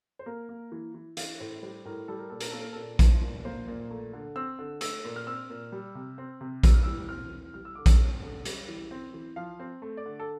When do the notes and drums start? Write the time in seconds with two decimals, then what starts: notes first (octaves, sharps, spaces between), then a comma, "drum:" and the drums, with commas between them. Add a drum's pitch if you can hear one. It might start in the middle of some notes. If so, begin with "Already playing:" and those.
0.19 C5
0.26 A#3 A#4
0.49 A#3
0.72 E3
0.94 E3
1.17 E3 F5, drum: hi-hat
1.40 A2 C5
1.63 G3 C5
1.85 A2 A#4
2.08 G3 A4
2.19 A#4
2.30 A#2 A4
2.41 A#4, drum: hi-hat
2.51 A#3 A4
2.62 A#4
2.73 A#2 A4
2.99 F3 C5, drum: kick A#1, hi-hat
3.23 A#2
3.45 A#3 C5
3.67 A#2
3.90 A3
4.13 D3
4.36 C4 E6
4.59 D3
4.81 A3 E6, drum: hi-hat
5.05 A#2
5.16 F6
5.27 C4 E6
5.50 A#2
5.72 G3
5.95 C3
6.18 C4
6.41 C3
6.63 G3 E6, drum: kick A#1, hi-hat
6.74 F6
6.83 E3 E6
7.09 C4 F6
7.32 E3
7.54 G3 F6
7.65 E6
7.75 D3 D6
7.86 E6, drum: kick A#1, hi-hat
8.00 C4
8.23 D3
8.45 G3, drum: hi-hat
8.68 E3
8.91 C4
9.14 E3
9.36 F3 F5
9.60 C4
9.82 A3
9.97 D5
10.05 D3
10.20 A4